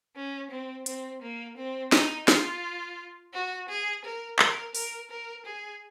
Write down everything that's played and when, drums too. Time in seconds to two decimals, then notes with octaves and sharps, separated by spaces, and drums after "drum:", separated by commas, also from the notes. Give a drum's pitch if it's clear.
0.16 C#4
0.51 C4
0.86 C4, drum: hi-hat
1.22 A#3
1.57 C4
1.92 D#4, drum: snare
2.28 F4, drum: snare
3.33 F#4
3.69 G#4
4.04 A#4
4.39 A#4, drum: clap
4.75 A#4, drum: open hi-hat
5.10 A#4
5.46 G#4